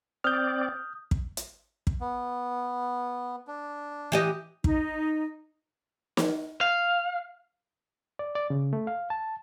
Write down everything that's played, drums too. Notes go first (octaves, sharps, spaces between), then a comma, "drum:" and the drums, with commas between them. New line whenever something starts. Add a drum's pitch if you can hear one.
C4 D5 D#6 F6 G6
drum: kick
drum: hi-hat
drum: kick
B3
D4
E3 G4 D#5
D#4, drum: kick
drum: snare
F5
D5
D5
C#3
A3
F5
A5